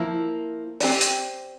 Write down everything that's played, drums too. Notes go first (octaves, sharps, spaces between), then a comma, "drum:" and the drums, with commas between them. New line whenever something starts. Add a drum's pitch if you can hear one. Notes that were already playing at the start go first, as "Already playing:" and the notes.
Already playing: F3 A#3 E4
C4 G4 D5, drum: open hi-hat
drum: hi-hat